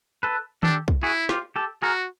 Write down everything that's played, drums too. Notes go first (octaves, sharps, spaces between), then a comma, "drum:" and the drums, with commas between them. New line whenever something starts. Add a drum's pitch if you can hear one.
A4 B4
D4 G4 A4, drum: tom D#3
drum: kick
E4 F#4 G#4
F4 G4, drum: snare
G4 A4
F#4 G#4 A#4